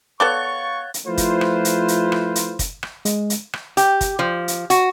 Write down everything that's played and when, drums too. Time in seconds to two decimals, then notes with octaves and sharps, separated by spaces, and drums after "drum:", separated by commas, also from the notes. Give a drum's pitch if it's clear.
0.20 B3 A4 C#5 D5 F5 F#5 C#6 A6
0.94 drum: hi-hat
1.07 F3 A3 E4 F4 B4 C5
1.18 drum: kick, hi-hat
1.41 drum: rim click
1.65 drum: hi-hat
1.88 drum: hi-hat
2.12 drum: rim click
2.35 drum: hi-hat
2.59 drum: kick, hi-hat
2.83 drum: rim click
3.05 G#3, drum: hi-hat
3.30 drum: hi-hat
3.53 drum: rim click
3.77 G4, drum: hi-hat
4.01 drum: kick, hi-hat
4.19 F3
4.48 drum: hi-hat
4.70 F#4, drum: hi-hat